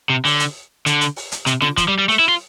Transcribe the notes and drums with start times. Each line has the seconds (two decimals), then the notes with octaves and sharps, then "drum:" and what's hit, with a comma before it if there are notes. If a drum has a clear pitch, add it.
0.10 C3
0.25 D3, drum: open hi-hat
0.40 drum: hi-hat
0.86 D3, drum: hi-hat
1.01 drum: hi-hat
1.16 drum: open hi-hat
1.32 drum: hi-hat
1.46 C3, drum: hi-hat
1.62 D3, drum: snare F4
1.77 F3, drum: kick, hi-hat
1.88 G3
1.99 G3
2.09 A3, drum: open hi-hat
2.19 E4
2.29 F4